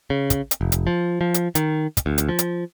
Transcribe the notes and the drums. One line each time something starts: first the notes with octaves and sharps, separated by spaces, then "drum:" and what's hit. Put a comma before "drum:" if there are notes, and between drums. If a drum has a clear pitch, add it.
C#3
drum: kick, hi-hat
drum: hi-hat
F1
drum: hi-hat
F3
F3
drum: hi-hat
D#3, drum: hi-hat
drum: kick, hi-hat
D2
drum: hi-hat
F3
drum: hi-hat